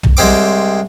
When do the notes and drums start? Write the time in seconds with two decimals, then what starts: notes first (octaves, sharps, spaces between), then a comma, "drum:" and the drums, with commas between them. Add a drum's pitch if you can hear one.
0.03 drum: tom
0.17 C2 G#3 C4 D6